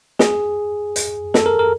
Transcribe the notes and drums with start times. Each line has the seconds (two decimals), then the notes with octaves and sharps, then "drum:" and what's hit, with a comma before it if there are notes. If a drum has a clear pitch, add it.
0.19 G#4, drum: snare
0.96 drum: hi-hat
1.34 A4, drum: snare
1.46 A#4
1.59 A#4